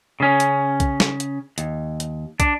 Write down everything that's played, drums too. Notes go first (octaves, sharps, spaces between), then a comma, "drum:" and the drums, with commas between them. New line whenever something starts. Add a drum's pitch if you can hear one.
C#3 C#4
drum: hi-hat
drum: kick, hi-hat
drum: snare
drum: hi-hat
D#2, drum: hi-hat
drum: hi-hat
D4, drum: kick, hi-hat